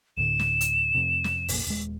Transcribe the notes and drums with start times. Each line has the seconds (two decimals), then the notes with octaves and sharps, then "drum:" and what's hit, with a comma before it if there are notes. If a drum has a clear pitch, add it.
0.17 D2 A2 D3 E7
0.39 drum: snare
0.61 drum: hi-hat
0.95 F2 C3
1.24 drum: snare
1.48 F1 A#1 A#2, drum: open hi-hat
1.67 D#1 G#3